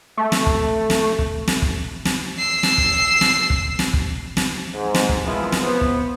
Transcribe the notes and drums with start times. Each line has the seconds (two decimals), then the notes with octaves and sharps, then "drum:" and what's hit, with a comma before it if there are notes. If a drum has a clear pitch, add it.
0.17 A3
0.32 drum: snare
0.46 drum: kick
0.90 drum: snare
1.19 drum: kick
1.48 drum: snare
1.62 drum: kick
2.05 drum: snare
2.39 E6 C7
2.63 drum: snare
2.78 drum: kick
3.21 drum: snare
3.50 drum: kick
3.79 drum: snare
3.93 drum: kick
4.37 drum: snare
4.73 G#2
4.94 drum: snare
5.09 drum: kick
5.24 F#2 F3 G#3 B3 E4 F4
5.52 drum: snare
5.63 B3 C5
5.81 drum: kick